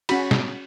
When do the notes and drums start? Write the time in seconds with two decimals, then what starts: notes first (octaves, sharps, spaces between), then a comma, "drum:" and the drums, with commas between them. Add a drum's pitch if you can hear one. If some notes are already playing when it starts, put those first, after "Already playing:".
0.09 C#4 F#4 B5, drum: cymbal
0.31 drum: snare